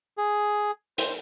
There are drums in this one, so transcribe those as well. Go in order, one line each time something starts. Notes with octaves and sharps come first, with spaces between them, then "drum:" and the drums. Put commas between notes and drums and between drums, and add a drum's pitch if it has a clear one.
G#4
C5, drum: hi-hat